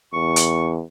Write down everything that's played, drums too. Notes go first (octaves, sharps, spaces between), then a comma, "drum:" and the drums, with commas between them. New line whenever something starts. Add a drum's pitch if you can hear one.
E2 C#6
drum: hi-hat